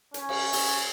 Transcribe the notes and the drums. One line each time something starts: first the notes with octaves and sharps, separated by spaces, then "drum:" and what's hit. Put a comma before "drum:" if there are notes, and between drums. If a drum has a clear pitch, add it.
C#4, drum: hi-hat
drum: cymbal
drum: open hi-hat